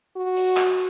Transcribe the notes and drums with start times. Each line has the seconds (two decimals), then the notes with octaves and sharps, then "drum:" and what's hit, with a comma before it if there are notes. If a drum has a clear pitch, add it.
0.16 F#4
0.37 drum: open hi-hat
0.57 drum: clap